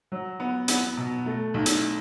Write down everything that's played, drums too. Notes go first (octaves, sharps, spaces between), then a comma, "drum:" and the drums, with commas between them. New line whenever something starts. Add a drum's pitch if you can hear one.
F#3
B3
B3, drum: hi-hat
B2
A3
B1
drum: hi-hat